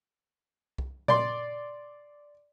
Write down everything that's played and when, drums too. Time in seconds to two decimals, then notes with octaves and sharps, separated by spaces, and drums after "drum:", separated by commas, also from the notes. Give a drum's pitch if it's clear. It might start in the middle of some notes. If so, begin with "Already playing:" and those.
0.78 drum: kick
1.08 D5 C6, drum: tom A#2